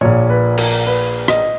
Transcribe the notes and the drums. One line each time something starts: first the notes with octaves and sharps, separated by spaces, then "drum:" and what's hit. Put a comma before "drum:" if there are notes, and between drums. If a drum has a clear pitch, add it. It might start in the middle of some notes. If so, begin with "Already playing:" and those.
A#1 A#2 C#5
B4
A#4, drum: cymbal
B4
D#5, drum: rim click